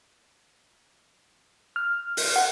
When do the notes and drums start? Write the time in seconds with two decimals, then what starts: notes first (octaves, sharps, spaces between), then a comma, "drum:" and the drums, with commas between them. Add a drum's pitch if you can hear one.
1.76 F6
2.17 drum: open hi-hat
2.36 F#5